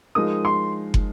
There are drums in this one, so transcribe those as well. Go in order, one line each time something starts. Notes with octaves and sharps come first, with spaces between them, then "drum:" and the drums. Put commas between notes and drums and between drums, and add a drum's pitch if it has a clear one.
F3 G#3 D#4 A#4 D#6
C6
drum: kick